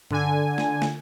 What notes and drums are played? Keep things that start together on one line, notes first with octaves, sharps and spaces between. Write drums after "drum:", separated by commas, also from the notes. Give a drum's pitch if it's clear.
D3 G#5, drum: tom G2
drum: snare
drum: snare